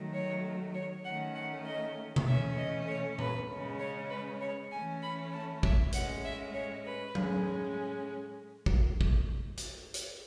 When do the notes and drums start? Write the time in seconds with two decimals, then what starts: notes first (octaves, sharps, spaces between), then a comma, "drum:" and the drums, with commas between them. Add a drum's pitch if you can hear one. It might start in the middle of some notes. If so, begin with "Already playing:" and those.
Already playing: D#3 F#3 A3
0.13 C#5
0.74 C#5
1.04 D#3 A3 C#4 F#5
1.34 F#5
1.65 D#5
2.16 drum: tom B2
2.27 E3 A3 C#4 E5
2.57 D#5
2.88 C#5
3.19 B4, drum: tom A#2
3.48 C#3 G#3 C#4
3.79 C#5
4.10 B4
4.41 C#5
4.70 E3 A3 C#4 G#5
5.02 B5
5.33 A5
5.63 E5, drum: kick A1
5.93 A2 G#3 C#4 F#5, drum: hi-hat
6.24 E5
6.54 C#5
6.85 B4
7.15 A2 G#3 C#4, drum: tom F#3
8.66 drum: kick A1
9.01 drum: kick A1
9.57 drum: hi-hat
9.94 drum: hi-hat